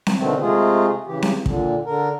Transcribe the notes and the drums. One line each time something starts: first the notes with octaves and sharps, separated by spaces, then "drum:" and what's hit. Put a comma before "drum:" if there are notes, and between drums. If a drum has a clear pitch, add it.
drum: snare C4
B2 D3 D#3 A3 C4
C3 G#3 A3 F4 G#4
C#3 E3 G4
drum: snare C4
A#2 D3, drum: kick
D3 A#4